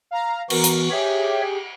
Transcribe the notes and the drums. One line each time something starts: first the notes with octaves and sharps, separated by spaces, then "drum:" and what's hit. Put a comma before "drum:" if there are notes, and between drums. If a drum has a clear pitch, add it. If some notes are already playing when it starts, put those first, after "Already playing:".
F5 A#5
E3 B3 F#4 A#4, drum: cymbal
drum: hi-hat
G4 G#4 C#5 E5